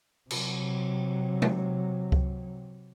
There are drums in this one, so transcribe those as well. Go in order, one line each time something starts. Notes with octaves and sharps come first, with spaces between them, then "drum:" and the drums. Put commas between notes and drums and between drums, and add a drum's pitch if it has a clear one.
C3 F#3, drum: cymbal
drum: tom C3
drum: kick C#2